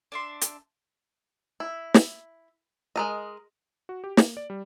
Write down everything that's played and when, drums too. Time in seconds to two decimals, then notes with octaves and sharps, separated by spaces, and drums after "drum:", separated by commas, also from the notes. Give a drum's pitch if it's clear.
0.12 D4 E5 C6
0.41 drum: hi-hat
1.60 E4
1.94 drum: snare
2.96 G#3 A#4 D#5
3.89 F#4
4.04 G4
4.17 A#3, drum: snare
4.37 D5
4.50 G3